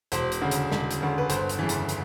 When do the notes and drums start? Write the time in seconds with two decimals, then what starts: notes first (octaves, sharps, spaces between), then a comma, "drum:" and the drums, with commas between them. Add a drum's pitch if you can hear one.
0.12 E1 C5, drum: hi-hat
0.32 drum: hi-hat
0.42 D2 C#3
0.51 drum: hi-hat
0.71 E1, drum: snare
0.91 drum: hi-hat
1.01 D2 C#3
1.18 B4
1.30 G1 C5, drum: hi-hat
1.49 drum: hi-hat
1.59 F2 C#3 E3
1.69 drum: hi-hat
1.89 drum: hi-hat